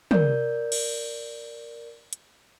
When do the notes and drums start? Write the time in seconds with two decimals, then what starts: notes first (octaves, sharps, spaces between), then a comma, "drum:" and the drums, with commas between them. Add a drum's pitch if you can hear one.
0.11 A#4 D5 G6, drum: tom
0.72 drum: cymbal
2.13 drum: hi-hat